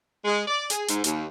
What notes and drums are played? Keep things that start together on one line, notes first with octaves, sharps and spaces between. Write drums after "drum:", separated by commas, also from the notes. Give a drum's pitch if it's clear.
G#3
D5
G#4, drum: hi-hat
G#2, drum: hi-hat
D#2, drum: hi-hat